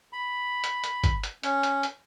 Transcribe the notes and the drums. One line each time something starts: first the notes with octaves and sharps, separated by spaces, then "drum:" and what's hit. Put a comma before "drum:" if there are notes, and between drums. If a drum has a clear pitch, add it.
B5
drum: hi-hat
drum: hi-hat
drum: kick G1, hi-hat
drum: hi-hat
C#4, drum: hi-hat
drum: hi-hat
drum: hi-hat